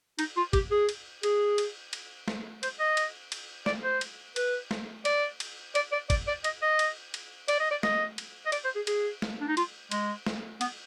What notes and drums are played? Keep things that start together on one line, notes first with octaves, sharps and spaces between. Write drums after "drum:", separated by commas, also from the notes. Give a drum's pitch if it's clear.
D#4, drum: cymbal
F4
G4, drum: kick, cymbal
G#4
drum: cymbal
G#4, drum: cymbal
drum: cymbal
drum: cymbal
drum: snare
C5, drum: cymbal
D#5
drum: cymbal
drum: cymbal
D5, drum: snare
C5
drum: cymbal
B4, drum: cymbal
drum: snare
D5, drum: cymbal
drum: cymbal
D5, drum: cymbal
D5
D5, drum: kick, cymbal
D5
D#5, drum: cymbal
D#5
drum: cymbal
drum: cymbal
D5, drum: cymbal
D#5
D5
D#5, drum: snare
drum: cymbal
D#5
D5, drum: cymbal
C5
G#4
G#4, drum: cymbal
drum: snare
D4
D#4
F4, drum: cymbal
G#3, drum: cymbal
drum: snare
B3, drum: cymbal